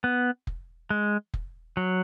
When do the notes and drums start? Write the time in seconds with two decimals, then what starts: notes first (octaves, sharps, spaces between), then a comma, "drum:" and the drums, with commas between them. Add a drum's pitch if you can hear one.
0.04 B3
0.47 drum: kick F1
0.90 G#3
1.34 drum: kick F1
1.77 F#3